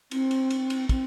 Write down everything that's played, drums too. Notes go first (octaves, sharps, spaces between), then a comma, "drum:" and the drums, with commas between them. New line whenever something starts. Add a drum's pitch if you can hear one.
C4, drum: cymbal
drum: cymbal
drum: cymbal
drum: cymbal
C4, drum: kick, cymbal